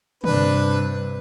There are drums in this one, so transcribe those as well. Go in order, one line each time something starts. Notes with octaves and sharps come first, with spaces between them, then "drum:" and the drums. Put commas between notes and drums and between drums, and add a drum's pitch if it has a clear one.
G2 C3 D4 B4, drum: tom D3